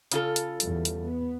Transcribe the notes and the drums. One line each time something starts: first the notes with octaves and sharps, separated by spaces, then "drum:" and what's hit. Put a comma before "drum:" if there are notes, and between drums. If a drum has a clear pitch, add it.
C#3 F4 A4, drum: hi-hat
drum: hi-hat
E2 G3, drum: hi-hat
drum: hi-hat
B3